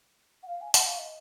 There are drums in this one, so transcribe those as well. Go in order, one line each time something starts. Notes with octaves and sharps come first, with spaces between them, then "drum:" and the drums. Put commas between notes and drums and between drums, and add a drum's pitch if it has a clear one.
F#5
F5
G#5
F#5, drum: hi-hat
F5
D#5